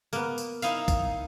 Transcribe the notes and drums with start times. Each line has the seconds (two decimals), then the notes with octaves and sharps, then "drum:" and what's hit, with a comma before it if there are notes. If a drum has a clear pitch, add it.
0.13 A#3 B3, drum: tambourine
0.38 drum: tambourine
0.62 D#4 E4 F5, drum: tambourine
0.88 drum: kick, tambourine